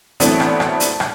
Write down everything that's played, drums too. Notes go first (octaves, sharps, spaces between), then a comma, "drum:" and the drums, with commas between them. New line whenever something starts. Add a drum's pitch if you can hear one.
E3 F#3 A3 B3 C4 D4, drum: hi-hat
drum: rim click
drum: rim click
drum: hi-hat
drum: rim click